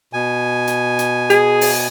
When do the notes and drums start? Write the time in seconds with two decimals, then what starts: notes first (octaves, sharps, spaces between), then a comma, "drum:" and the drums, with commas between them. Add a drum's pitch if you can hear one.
0.13 B2 G#5
0.67 drum: hi-hat
0.99 drum: hi-hat
1.30 G#4, drum: hi-hat
1.61 drum: open hi-hat